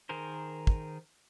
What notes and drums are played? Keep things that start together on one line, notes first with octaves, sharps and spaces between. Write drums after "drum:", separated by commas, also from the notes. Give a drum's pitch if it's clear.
D#3 G#4 A#4 C5
drum: kick